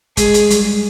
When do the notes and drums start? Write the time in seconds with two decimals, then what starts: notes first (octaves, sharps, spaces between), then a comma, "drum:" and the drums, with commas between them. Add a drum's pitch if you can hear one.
0.17 G#3 G#4, drum: kick, hi-hat
0.34 drum: hi-hat
0.51 G3, drum: hi-hat